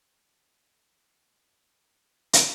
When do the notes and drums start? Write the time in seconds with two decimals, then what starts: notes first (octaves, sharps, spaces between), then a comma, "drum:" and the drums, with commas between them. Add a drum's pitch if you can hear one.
0.02 D4 G4
2.33 drum: hi-hat